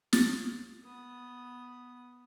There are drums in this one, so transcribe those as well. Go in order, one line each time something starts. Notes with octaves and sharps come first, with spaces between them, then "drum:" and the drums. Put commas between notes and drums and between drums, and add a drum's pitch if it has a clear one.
A6, drum: snare
B3 D#6